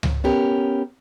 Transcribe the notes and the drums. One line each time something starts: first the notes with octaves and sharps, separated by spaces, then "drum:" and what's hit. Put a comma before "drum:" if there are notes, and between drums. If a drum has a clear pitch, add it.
drum: tom C#2
B3 C#4 G4 A#4